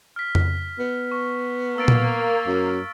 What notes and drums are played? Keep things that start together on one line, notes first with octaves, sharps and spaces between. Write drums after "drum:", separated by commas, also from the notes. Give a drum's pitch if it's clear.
F6 B6
drum: tom F2
B3
C#6
A#3 E6 A6 D7
drum: tom A#2
F#2